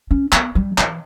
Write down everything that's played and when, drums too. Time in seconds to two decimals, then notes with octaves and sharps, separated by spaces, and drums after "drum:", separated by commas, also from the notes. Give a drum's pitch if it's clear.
0.11 C#4
0.32 B3, drum: clap
0.55 G3
0.78 E3, drum: clap